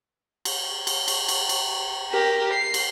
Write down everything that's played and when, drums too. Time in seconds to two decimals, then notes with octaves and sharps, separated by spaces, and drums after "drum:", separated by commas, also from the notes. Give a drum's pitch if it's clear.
0.45 drum: cymbal
0.87 drum: cymbal
1.08 drum: cymbal
1.28 drum: cymbal
1.49 drum: cymbal
2.11 G4 A#4
2.53 C7
2.74 drum: cymbal